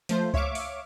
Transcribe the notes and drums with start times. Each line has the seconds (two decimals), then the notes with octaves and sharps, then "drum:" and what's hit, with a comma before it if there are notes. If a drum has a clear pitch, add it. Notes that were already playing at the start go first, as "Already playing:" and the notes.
0.09 F3 A3 C5, drum: hi-hat
0.34 C#5 E5 F5 C#6 D6, drum: kick C#2
0.55 drum: open hi-hat